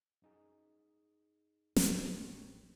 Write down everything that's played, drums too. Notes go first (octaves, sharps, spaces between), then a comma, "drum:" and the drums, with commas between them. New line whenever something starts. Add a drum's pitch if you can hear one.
F#2 D#4 G#4
A1 C#3 F#3 G#3, drum: snare
G4 C5 C#5